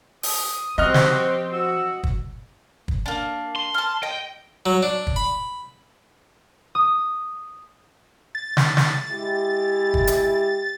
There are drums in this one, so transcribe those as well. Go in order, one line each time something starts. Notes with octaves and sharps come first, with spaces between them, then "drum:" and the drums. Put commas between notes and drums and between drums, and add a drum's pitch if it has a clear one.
D#6, drum: open hi-hat
F3 C4 F#4 G4 C5 D#5 F6
drum: snare
F#4 E6
drum: kick
drum: kick
A#3 D4
C6
A5 F6
D#5 G5
F#3
D4
drum: kick
B5
D#6
A6
drum: snare
drum: snare
G#3 E4 G4
drum: kick
drum: hi-hat